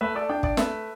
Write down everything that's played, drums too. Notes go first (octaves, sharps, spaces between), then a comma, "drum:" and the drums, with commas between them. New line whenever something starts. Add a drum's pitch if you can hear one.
A3 B4 E5
A4 D5
D4 D5 G5
D5 G5, drum: kick
A3 B4 E5, drum: snare